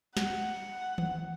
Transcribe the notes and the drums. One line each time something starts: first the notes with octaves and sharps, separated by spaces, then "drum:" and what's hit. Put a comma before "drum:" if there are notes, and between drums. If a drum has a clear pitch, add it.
F#5, drum: snare
drum: tom D#3